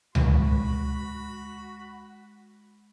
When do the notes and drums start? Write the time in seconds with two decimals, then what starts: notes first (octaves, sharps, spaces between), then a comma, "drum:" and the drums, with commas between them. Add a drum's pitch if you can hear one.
0.15 G#3 F#4 B5, drum: tom C#2